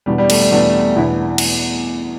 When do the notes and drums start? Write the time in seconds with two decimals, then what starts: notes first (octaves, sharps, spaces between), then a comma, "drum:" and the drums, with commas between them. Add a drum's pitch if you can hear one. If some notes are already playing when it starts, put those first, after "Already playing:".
0.06 E2 B2 G3 B3 D4
0.18 G3
0.30 A3, drum: cymbal
0.41 G3
0.51 E2 B2 A3 B3 D4
0.96 E2 B2 B3 D4 E4
1.38 drum: cymbal